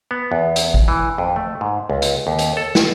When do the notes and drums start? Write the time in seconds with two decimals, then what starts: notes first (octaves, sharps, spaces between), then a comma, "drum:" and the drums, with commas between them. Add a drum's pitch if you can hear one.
0.11 B3
0.32 E2
0.56 drum: hi-hat
0.74 drum: kick G#1
0.88 E3
1.18 F2
1.36 A3
1.61 G#2
1.90 C#2
2.02 drum: hi-hat
2.27 D#2
2.39 drum: hi-hat
2.57 A4
2.75 drum: snare